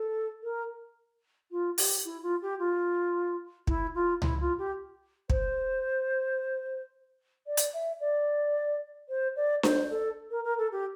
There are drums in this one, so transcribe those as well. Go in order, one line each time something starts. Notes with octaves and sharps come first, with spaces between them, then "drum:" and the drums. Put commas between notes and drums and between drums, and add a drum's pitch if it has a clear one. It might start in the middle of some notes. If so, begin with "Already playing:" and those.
Already playing: A4
A#4
F4
G4, drum: open hi-hat
E4
F4
G4
F4
E4, drum: kick
F4
E4, drum: tom C#2
F4
G4
C5, drum: kick
D5
drum: hi-hat
E5
D5
C5
D5
C5, drum: snare D4
A4
A#4
A#4
A4
G4